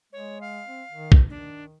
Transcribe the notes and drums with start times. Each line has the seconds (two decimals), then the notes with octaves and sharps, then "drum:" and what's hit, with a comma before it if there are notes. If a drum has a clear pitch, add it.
0.13 G#3 C#5
0.41 F5
0.67 C4
0.92 D#3
1.12 drum: kick B1
1.30 D#3 D4